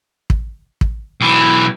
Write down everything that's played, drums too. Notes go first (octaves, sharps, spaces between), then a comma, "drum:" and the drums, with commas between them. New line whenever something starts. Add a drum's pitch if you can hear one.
drum: kick
drum: kick
B1 E3